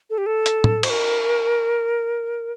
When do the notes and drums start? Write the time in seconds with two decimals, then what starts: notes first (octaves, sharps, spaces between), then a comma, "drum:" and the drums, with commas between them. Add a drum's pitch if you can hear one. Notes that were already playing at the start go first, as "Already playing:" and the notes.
0.10 A4
0.18 G4
0.26 A4
0.46 drum: hi-hat
0.64 drum: tom
0.83 C5, drum: cymbal
0.90 A#4